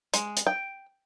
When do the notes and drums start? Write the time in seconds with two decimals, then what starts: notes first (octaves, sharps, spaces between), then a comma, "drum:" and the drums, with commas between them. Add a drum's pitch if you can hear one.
0.14 G#3, drum: hi-hat
0.37 drum: hi-hat
0.47 G5